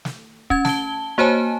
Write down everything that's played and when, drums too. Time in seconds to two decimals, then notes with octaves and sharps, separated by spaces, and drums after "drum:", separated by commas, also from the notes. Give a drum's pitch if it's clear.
0.05 drum: snare
0.50 C#4 G#6, drum: kick
0.65 A5 G7, drum: snare
1.18 A#3 F#4 C5 C#5 G#5 A5